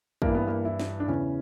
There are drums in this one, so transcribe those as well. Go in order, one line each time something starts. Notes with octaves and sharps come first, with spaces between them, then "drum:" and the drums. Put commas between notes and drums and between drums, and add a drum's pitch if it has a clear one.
G2 E3 A#3, drum: kick
B3
A#3
E4
drum: snare
D4
E2 C#3 E3 C#4